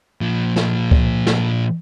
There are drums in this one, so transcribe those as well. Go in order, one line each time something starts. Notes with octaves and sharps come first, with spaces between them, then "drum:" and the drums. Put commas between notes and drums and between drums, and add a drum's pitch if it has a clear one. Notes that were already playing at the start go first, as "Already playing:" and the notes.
A#2 F3
drum: snare
drum: kick C#2
drum: snare